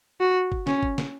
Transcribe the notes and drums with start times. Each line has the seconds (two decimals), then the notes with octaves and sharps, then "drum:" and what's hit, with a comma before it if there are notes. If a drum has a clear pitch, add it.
0.20 F#4
0.52 drum: kick G1
0.67 C#4, drum: snare
0.83 drum: kick G1
0.98 drum: snare